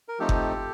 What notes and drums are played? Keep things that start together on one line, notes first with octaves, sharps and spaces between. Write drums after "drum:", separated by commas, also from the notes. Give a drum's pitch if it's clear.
A#4
F3 A3 C4 D#4 G4 A4
drum: kick F#1